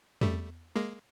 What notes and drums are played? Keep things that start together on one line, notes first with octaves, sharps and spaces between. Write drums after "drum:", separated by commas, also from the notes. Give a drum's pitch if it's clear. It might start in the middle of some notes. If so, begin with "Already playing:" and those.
G3 A3, drum: tom
G#3 A#3